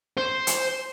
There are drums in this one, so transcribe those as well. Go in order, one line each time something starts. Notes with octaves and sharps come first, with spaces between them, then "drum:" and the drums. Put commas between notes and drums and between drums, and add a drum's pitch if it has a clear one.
C5
drum: hi-hat